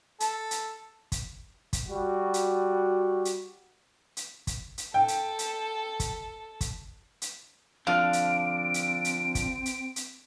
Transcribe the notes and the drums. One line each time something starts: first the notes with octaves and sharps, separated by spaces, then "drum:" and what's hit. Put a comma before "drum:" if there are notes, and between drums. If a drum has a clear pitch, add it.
A4, drum: hi-hat
drum: hi-hat
drum: kick, hi-hat
drum: kick, hi-hat
G3 F#4
drum: hi-hat
drum: hi-hat
drum: hi-hat
drum: kick, hi-hat
drum: hi-hat
A4 G5
drum: hi-hat
drum: hi-hat
drum: kick, hi-hat
drum: kick, hi-hat
drum: hi-hat
D3 F3 C4 D4 F5 D7
drum: hi-hat
drum: hi-hat
drum: hi-hat
drum: kick, hi-hat
drum: hi-hat
drum: hi-hat